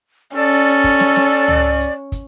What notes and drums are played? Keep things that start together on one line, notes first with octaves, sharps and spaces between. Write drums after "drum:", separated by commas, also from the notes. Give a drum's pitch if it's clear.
C#4 A4 D5
drum: hi-hat
drum: hi-hat
drum: kick, hi-hat
drum: snare
drum: snare
drum: hi-hat
drum: tom C#2
drum: hi-hat
drum: kick, hi-hat